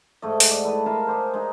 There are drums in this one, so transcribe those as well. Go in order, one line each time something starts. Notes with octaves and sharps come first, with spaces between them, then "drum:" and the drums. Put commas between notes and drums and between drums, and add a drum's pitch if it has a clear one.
G#2 A3 D#5
drum: open hi-hat
D5 F#5
E4 A4 B4 D#5
A#4 F5 A5 B5
G#3 G4 C5
G#3 D#4